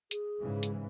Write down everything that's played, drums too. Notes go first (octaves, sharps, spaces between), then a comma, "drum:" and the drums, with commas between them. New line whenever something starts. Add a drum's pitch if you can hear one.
G#4, drum: hi-hat
G#2 C#3 E3
drum: hi-hat